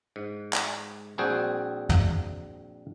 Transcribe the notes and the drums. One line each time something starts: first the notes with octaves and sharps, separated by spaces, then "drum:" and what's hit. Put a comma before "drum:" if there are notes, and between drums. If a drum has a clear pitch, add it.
G#2
drum: clap
A#1 G3 C4 F#4 G#4 G5
drum: tom